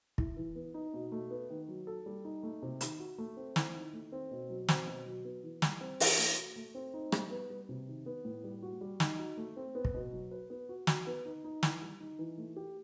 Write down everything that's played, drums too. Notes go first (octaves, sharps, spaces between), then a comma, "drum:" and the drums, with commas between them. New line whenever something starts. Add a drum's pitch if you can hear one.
E4, drum: kick
E3
B3
D#4
B2
A3
B3
D#3
F#3
A4
G3
D#4
A3
C3
D#3, drum: hi-hat
F#4
A3
C4
E4, drum: snare
D#3
A3
C4
B2
F#3
C4, drum: snare
B2
F#3
B3
E3
G3, drum: snare
C4
E3, drum: open hi-hat
A3
F#4
A3
C4
D#4
G3, drum: rim click
B3
G3
C3
D#3
B3
A2
G3
F#4
G3
D#4, drum: snare
F#4
A3
C4
B3
drum: kick
B2
F#3
B4
B3
F#4
F#4, drum: snare
B3
D#4
D#4
E3, drum: snare
G3
D#4
E3
A3
G4